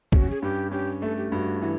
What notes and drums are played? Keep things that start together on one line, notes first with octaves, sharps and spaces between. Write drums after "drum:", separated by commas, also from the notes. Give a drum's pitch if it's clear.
C#4 F#4 G4, drum: kick
G#4
G2 G4
C#4 G4
A3 A4
G4
G2 F#4
E3 F#4